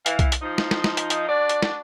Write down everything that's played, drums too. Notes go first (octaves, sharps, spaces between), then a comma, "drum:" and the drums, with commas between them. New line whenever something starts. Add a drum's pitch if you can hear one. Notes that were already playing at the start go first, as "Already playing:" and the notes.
E3 F5, drum: hi-hat
drum: kick B1, hi-hat
drum: hi-hat
F3 D#4
drum: snare
drum: snare
drum: snare
drum: hi-hat
drum: hi-hat
D4 F#4 D5
drum: hi-hat
drum: snare